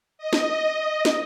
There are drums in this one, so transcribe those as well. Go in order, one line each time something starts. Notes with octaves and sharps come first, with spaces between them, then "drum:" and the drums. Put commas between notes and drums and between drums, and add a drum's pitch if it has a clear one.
D#5
drum: snare
D#5
drum: snare